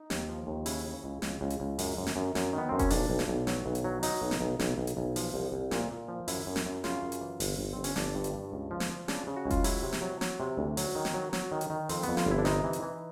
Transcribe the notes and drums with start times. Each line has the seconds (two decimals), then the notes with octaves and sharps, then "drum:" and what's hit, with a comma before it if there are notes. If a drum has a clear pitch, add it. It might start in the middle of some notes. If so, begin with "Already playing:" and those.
Already playing: D#4
0.10 D#2, drum: snare
0.29 F3
0.47 D#2
0.66 C#3 E4, drum: open hi-hat
0.85 C#3
1.04 C#2
1.22 C#2, drum: snare
1.41 C#2
1.50 drum: hi-hat
1.60 C#2
1.79 F#2, drum: open hi-hat
1.97 F#2
2.07 drum: snare
2.16 F#2
2.35 F#2, drum: snare
2.53 D#3 B3
2.69 F#2 C4
2.79 C#4, drum: kick F1, hi-hat
2.90 B1 D4, drum: open hi-hat
3.10 B1
3.19 drum: snare
3.28 B1
3.47 F#3, drum: snare
3.66 B1
3.75 drum: hi-hat
3.84 F#3
4.03 F#3 D#4, drum: open hi-hat
4.22 B1
4.31 drum: snare
4.41 B1
4.59 B1, drum: snare
4.78 B1
4.87 drum: hi-hat
4.97 B1
5.16 F3, drum: open hi-hat
5.34 C2
5.52 C2
5.71 A#2, drum: snare
5.91 A#2
6.08 F3
6.28 F#2 E4, drum: open hi-hat
6.46 F#2
6.56 drum: snare
6.65 F#2
6.84 C#3 F4, drum: snare
7.02 F#2
7.12 drum: hi-hat
7.21 E3
7.40 G1, drum: open hi-hat
7.59 G1
7.73 G1 C4
7.84 C#4, drum: open hi-hat
7.96 G1 D4, drum: snare
8.15 G2
8.24 drum: hi-hat
8.34 G2
8.52 C#2
8.71 F3
8.80 drum: snare
8.90 F3
9.08 C#3 D4, drum: snare
9.27 C#3
9.36 F#4
9.45 C#2
9.50 F4, drum: kick F1, hi-hat
9.64 F#3 E4, drum: open hi-hat
9.83 C3
9.93 drum: snare
10.02 F#3
10.21 F#3, drum: snare
10.40 C3
10.57 D2
10.77 F#3, drum: open hi-hat
10.95 D#3
11.05 drum: snare
11.14 F#3
11.33 F#3, drum: snare
11.52 D#3
11.61 drum: hi-hat
11.70 D#3
11.89 F2 C4, drum: open hi-hat
12.03 F2 B3, drum: hi-hat
12.17 F4, drum: snare
12.26 G1 E4
12.38 D4
12.45 C3 D#4, drum: snare
12.64 E3
12.73 drum: hi-hat
12.82 E3